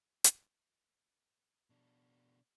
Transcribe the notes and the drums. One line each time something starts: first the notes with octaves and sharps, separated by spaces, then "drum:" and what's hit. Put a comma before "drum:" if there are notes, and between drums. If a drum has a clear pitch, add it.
drum: hi-hat
B2 D4